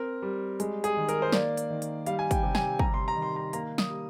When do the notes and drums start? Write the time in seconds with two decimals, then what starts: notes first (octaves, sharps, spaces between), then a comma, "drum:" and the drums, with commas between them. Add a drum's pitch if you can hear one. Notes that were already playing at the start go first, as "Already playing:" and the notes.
Already playing: C4 A#4
0.22 G3
0.60 G#3, drum: hi-hat
0.84 G#4, drum: hi-hat
0.97 D#3
1.09 A#4, drum: hi-hat
1.22 C5
1.32 A#3 D5, drum: snare
1.57 drum: hi-hat
1.70 D#3
1.82 drum: hi-hat
2.06 G3 F5, drum: hi-hat
2.19 G#5
2.31 G5, drum: kick, hi-hat
2.43 C3
2.55 G#5, drum: snare
2.79 G3 A#5, drum: kick
2.94 C6
3.08 A#5
3.16 D#3
3.22 C6
3.36 A#5
3.53 A#3 A#5, drum: hi-hat
3.78 D#6, drum: snare
3.90 G3